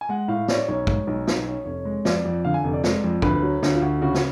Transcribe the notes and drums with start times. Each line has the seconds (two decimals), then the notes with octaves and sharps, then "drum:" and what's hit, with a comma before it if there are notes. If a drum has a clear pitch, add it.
0.01 G#5
0.09 G#3 F#5
0.28 A2 F5
0.48 C#4 D5, drum: snare
0.68 B1 C#5
0.87 G#3, drum: kick
1.07 B1
1.27 B1, drum: snare
1.47 C#4
1.66 F1 C#5
1.85 G#3
2.05 F2 D5, drum: snare
2.25 F2
2.44 D3 F5
2.54 G#5
2.64 F1
2.74 D5
2.84 G#3, drum: snare
3.04 F2
3.22 D2 B4, drum: kick
3.42 F#3
3.63 D2, drum: snare
3.73 F4
3.82 D2 F#4
4.02 C#3 F#4
4.14 drum: snare